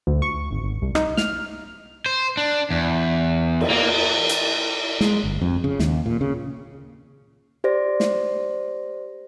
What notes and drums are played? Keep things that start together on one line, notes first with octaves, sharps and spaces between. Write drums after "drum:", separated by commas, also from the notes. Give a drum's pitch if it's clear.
D2
C#6
G#1
G#1
C2
D#4, drum: rim click
F6, drum: snare
C5
D4
E2
drum: cymbal
A#3
drum: hi-hat
G#3, drum: snare
G1
F2
C#3
D#2, drum: snare
A#2
C#3
G4 C5 D5 A#6
drum: snare